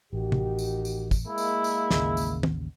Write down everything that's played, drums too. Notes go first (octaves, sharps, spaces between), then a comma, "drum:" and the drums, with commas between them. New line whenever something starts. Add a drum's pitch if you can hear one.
A1 D#3 F#4 G4
drum: tom
drum: tambourine
drum: tambourine
drum: kick, tambourine
G#3 A#3 E4
drum: tambourine
drum: tambourine
A1 D#2 C#3, drum: snare
drum: tambourine
drum: tom